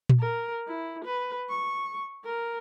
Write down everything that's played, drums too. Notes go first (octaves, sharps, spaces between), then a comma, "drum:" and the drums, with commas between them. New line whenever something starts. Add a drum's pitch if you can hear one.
drum: tom A#2
A#4
E4
B4
C#6
A#4